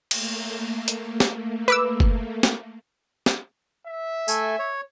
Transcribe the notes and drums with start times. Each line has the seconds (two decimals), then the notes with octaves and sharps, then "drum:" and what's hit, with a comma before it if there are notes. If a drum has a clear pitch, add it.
0.11 A3 A#3, drum: cymbal
0.88 drum: hi-hat
1.20 drum: snare
1.68 B4 D6 E6
2.00 drum: kick F#1
2.43 drum: snare
3.26 drum: snare
3.87 E5
4.28 A3 A4 G#5, drum: tambourine
4.59 C#5